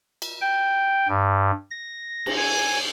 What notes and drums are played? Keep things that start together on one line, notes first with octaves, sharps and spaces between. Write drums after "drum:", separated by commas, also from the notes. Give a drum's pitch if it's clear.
drum: cymbal
G5
G2
A#6
drum: cymbal
G#5